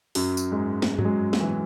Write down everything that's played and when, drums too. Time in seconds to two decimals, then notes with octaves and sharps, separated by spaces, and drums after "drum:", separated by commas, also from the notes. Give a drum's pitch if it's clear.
0.15 F#2 F#3, drum: open hi-hat
0.37 drum: tambourine
0.52 G#2 G#3
0.82 drum: snare
0.99 F#3, drum: tom G2
1.05 G#2 G#3
1.33 F#3, drum: snare
1.40 E3